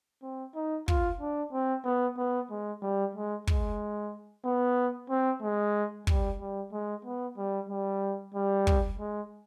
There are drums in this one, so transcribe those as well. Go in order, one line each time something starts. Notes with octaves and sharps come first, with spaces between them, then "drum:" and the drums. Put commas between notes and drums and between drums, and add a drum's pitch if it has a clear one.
C4
D#4
F4, drum: kick
D4
C4
B3
B3
G#3
G3
G#3
G#3, drum: kick
B3
C4
G#3
G3, drum: kick
G3
G#3
B3
G3
G3
G3
drum: kick
G#3